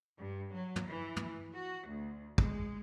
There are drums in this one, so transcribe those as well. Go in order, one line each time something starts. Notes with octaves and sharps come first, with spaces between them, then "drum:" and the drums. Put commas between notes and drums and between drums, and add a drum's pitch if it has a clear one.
G2
F#3
drum: tom
E3
drum: tom
F#4
D2
G#3, drum: kick